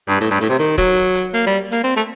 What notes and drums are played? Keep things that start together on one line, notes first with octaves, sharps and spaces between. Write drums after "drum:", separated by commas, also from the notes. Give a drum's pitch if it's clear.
G2
A2, drum: hi-hat
G2
A2, drum: hi-hat
C3
D#3, drum: hi-hat
F#3, drum: kick C#1, hi-hat
drum: hi-hat
drum: hi-hat
A#3, drum: hi-hat
G3
A#3, drum: hi-hat
C4
A3